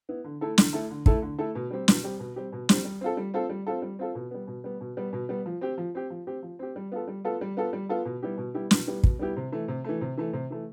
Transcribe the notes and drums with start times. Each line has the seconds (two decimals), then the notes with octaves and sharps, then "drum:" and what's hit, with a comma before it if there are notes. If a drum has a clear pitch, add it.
0.09 B3 E4
0.24 D3
0.41 A3 E4 A4
0.58 D3, drum: snare
0.73 A3 E4 A4
0.90 D3
1.06 A3 E4 A4, drum: kick
1.22 D3
1.38 A3 E4 A4
1.55 B2
1.71 G3 C4 G4
1.88 B2, drum: snare
2.04 G3 C4 G4
2.20 B2
2.36 G3 C4 G4
2.52 B2
2.69 G3 C4 G4, drum: snare
2.85 G3
3.01 C4 F4 A4
3.17 G3
3.34 C4 F4 A4
3.49 G3
3.67 C4 F4 A4
3.82 G3
3.99 C4 F4 A4
4.15 B2
4.31 G3 B3
4.47 B2
4.64 G3 B3
4.81 B2
4.97 G3 B3
5.13 B2
5.29 G3 B3
5.46 F3
5.61 C4 G4
5.78 F3
5.95 C4 G4
6.10 F3
6.27 C4 G4
6.43 F3
6.59 C4 G4
6.76 G3
6.92 B3 F4 A4
7.07 G3
7.25 B3 F4 A4
7.41 G3
7.57 B3 F4 A4
7.73 G3
7.89 B3 F4 A4
8.05 B2
8.23 G3 B3 E4 G4
8.38 B2
8.54 G3 B3 E4 G4
8.71 B2, drum: snare
8.87 G3 B3 E4 G4
9.04 B2, drum: kick
9.19 G3 B3 E4 G4
9.36 C3
9.52 E3 A3
9.68 C3
9.84 E3 A3
10.01 C3
10.17 E3 A3
10.33 C3
10.50 E3 A3